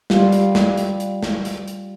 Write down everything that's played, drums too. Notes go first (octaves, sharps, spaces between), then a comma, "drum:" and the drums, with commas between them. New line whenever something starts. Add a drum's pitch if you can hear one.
G3 F4, drum: snare
drum: hi-hat
drum: snare
drum: hi-hat
drum: hi-hat
drum: snare
drum: hi-hat
drum: hi-hat